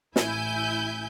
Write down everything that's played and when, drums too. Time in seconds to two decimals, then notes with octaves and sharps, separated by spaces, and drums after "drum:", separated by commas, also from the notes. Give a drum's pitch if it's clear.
0.16 A1 E4 G#5 G6, drum: snare